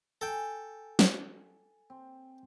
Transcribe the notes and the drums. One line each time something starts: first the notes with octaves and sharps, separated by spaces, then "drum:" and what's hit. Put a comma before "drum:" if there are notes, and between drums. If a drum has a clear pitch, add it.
A4 G5 G#5
drum: snare
C4